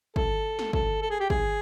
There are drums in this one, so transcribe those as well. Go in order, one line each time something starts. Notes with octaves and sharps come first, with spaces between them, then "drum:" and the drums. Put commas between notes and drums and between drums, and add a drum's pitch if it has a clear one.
A4, drum: kick
drum: snare
A4, drum: kick
A4
G#4
G4
G#4, drum: kick